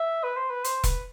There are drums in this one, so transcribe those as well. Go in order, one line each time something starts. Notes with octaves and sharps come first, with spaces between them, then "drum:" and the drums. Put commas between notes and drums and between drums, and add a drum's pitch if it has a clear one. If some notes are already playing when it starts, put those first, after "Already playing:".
Already playing: E5
B4
C5
B4
C5, drum: hi-hat
B4, drum: kick E1, hi-hat